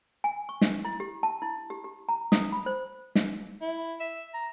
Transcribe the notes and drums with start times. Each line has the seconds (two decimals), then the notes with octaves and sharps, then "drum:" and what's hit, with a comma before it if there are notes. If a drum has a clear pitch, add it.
0.24 G#5
0.49 C#6
0.61 drum: snare
0.85 E4
1.00 G4
1.23 A5
1.42 E4
1.70 G4
1.84 G4
2.09 A#5
2.32 D#6, drum: snare
2.52 B5
2.66 C5
3.15 drum: snare
3.62 E4
4.00 E5
4.34 A#5